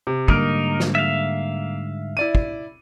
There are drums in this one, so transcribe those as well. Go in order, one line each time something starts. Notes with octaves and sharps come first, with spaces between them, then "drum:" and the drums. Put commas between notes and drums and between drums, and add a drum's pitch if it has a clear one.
C3
G#2 D3 G3 A#3 D#4 A#4, drum: kick
drum: snare
E5 F5
E4 D5 D#7
drum: kick